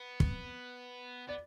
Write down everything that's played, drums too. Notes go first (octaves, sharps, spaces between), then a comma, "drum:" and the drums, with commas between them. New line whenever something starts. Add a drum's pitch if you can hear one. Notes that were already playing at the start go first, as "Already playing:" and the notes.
Already playing: B3
drum: kick
B3 D5